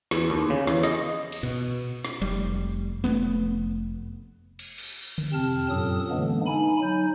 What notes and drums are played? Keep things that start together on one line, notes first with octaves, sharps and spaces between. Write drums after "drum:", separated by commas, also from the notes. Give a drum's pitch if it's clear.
E2, drum: snare
D#2
C#3
E2, drum: snare
D#5, drum: snare
drum: cymbal
B2
drum: snare
F1 G3
F1 G#2 A3 B3
drum: cymbal
drum: cymbal
drum: tom D3
F2 C3 C4 A5 F6
F#2 A#2 F#3 A4 D#6
D3 E3 G#3 A#3 B3 D4
D#4 G#5 B5
F#3 D#4 G6